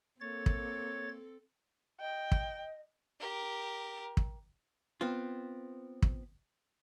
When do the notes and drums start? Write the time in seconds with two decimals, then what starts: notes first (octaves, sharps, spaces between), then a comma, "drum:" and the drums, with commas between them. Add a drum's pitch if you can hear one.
0.21 A#3 C4 A4 C#5 A6
0.46 drum: kick
2.01 D#5 G5
2.32 drum: kick
3.20 G4 A#4
4.17 drum: kick
5.01 B3 C4 F4
6.02 drum: kick